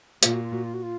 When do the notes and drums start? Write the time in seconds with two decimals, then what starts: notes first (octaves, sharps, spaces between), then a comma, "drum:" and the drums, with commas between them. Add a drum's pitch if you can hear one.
0.23 A#2 F4, drum: hi-hat
0.33 F#4
0.43 F4
0.53 F#4
0.63 F4
0.74 F#4
0.83 F4